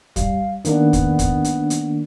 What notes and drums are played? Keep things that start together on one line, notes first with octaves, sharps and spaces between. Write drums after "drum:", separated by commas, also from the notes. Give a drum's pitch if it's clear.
G3 F5, drum: kick, hi-hat
D#3 A#3 B3 D4, drum: hi-hat
drum: kick, hi-hat
drum: kick, hi-hat
drum: hi-hat
drum: hi-hat